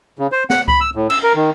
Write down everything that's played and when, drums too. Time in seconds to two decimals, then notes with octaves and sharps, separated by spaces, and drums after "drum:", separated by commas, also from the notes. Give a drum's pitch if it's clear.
0.19 C#3
0.32 C5
0.50 F#5, drum: snare
0.68 B5, drum: kick C#2
0.81 E6
0.95 A2
1.10 E6, drum: cymbal
1.23 A#4
1.35 D#3